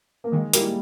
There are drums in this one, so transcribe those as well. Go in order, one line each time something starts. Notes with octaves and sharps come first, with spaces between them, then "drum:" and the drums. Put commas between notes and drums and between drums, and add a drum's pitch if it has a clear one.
A#3
D#3 G#3
G3 A#3 E4, drum: hi-hat